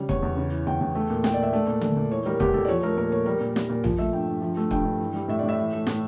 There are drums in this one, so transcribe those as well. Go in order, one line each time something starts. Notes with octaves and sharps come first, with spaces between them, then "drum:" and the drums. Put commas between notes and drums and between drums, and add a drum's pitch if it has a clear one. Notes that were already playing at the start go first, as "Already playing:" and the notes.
Already playing: C#3 G3
E2 C#5, drum: kick
E2
C#3
E3
E2 G5
E2
A3
A#2
A3 G5, drum: snare
D5
A#2 E5
A3 D5
A#2
A3, drum: tom D3
A#2
E3 C#5
G3 A#4
E2 G4, drum: kick
E2 A4
D5
F3 C#5
A3 A#4
A#2 A#4
A#2 C#5
G3 A#4
A#2
G3, drum: snare
A#2
F3, drum: tom A#1
A3 E5
G2 G5
G2
F3
A3
G2 G5, drum: kick
G2
E3
G3
A2 E5
A2 D5
E5
E3
A3
A2, drum: snare